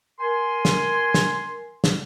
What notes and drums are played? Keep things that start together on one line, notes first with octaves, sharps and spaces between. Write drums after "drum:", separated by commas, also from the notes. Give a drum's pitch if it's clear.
A#4 G#5 C6
drum: snare
drum: snare
drum: snare